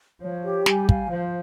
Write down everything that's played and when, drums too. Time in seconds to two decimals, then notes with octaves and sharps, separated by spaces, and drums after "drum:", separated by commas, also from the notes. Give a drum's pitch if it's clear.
0.21 F3 C#5
0.44 G4
0.66 G3 G#5, drum: snare
0.89 F5, drum: kick
1.11 F3 C5